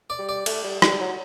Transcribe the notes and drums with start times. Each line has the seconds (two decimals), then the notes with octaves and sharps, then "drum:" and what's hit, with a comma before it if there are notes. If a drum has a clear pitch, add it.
0.10 D5
0.19 G3
0.29 D5
0.46 A3, drum: cymbal
0.64 G3
0.82 G3, drum: rim click
1.00 F#3